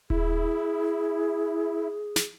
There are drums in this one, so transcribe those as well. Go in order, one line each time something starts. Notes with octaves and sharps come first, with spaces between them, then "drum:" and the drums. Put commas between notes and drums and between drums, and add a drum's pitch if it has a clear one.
E4 G#4, drum: kick D#1
drum: snare